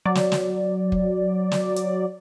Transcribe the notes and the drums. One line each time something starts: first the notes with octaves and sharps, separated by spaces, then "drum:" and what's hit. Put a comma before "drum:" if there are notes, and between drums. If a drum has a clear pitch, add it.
F#3 D5
drum: snare
drum: snare
drum: kick
drum: snare
drum: hi-hat